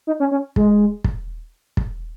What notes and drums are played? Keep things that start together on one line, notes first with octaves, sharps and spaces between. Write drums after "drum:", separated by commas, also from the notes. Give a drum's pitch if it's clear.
D#4
C#4
C#4
G#3, drum: kick
drum: kick
drum: kick